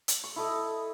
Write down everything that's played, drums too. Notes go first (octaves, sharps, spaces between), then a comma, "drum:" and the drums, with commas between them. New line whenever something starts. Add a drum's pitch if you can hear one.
drum: hi-hat
C#6
E4 A4 D#5